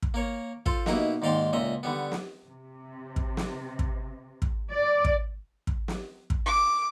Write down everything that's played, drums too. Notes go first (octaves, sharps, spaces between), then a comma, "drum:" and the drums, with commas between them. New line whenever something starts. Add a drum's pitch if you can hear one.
drum: kick
A#3 A#4 C#5
F4 A4 C5, drum: kick
B2 A#3 D#4 E4, drum: snare
D#2 G#2 D5 F5 G5 C6
C#2 A#2 D#5 E5
D3 G3 B3
drum: snare
C3
drum: kick
drum: snare
drum: kick
drum: kick
D5
drum: kick
drum: kick
drum: snare
drum: kick
D6